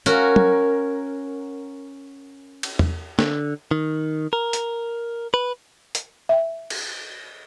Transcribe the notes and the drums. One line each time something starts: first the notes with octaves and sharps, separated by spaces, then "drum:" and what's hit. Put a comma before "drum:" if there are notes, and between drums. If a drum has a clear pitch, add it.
C#4 F#4 A#4, drum: hi-hat
drum: tom
drum: cymbal
drum: tom
D3, drum: snare
D#3
A#4
drum: hi-hat
B4
drum: hi-hat
E5 G5
drum: cymbal